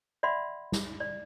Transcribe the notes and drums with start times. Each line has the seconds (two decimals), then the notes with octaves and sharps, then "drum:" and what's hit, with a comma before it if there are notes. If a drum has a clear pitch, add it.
0.23 D5 E5 F#5 B5 C6
0.72 drum: snare
1.00 D5